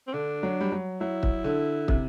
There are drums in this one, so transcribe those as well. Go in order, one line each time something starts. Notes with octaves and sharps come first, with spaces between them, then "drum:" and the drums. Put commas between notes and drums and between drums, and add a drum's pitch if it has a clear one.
C4
D3 D4
F#3
G3
F#3
F#3 E4
drum: kick
D3
C3, drum: kick